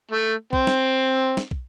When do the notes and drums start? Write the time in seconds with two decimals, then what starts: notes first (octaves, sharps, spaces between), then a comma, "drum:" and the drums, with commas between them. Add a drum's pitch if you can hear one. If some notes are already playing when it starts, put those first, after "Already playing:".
0.11 A3
0.53 C4, drum: kick
0.67 drum: snare
1.37 drum: snare
1.51 drum: kick